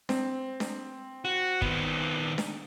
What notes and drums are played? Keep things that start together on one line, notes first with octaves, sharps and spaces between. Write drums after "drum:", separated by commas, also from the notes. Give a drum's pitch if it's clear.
C4, drum: snare D4
drum: snare D4
F#4
D#3 B3, drum: kick
drum: snare D4